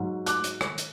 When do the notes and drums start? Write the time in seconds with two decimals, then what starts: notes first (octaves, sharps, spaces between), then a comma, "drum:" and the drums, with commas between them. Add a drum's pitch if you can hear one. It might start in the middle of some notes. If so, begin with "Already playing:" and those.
Already playing: G#2 F#3
0.26 D6 F#6, drum: hi-hat
0.44 drum: hi-hat
0.61 drum: rim click
0.78 drum: hi-hat